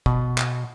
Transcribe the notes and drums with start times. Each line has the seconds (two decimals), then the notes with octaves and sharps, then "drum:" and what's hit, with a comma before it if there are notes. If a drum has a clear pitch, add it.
0.06 B2, drum: kick
0.38 drum: clap